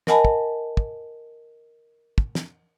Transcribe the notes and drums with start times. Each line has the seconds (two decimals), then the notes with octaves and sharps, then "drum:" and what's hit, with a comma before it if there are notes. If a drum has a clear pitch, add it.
0.07 A#4 D#5 F#5 G#5 A5 B5, drum: snare
0.25 drum: kick
0.77 drum: kick
2.18 drum: kick
2.35 drum: snare